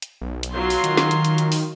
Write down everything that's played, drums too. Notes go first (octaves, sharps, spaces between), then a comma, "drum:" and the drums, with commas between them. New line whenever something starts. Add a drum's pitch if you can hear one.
drum: hi-hat
B1
drum: hi-hat
F#3 F4 C6
drum: open hi-hat
D#3, drum: hi-hat
drum: snare
drum: hi-hat
drum: hi-hat
drum: hi-hat
drum: open hi-hat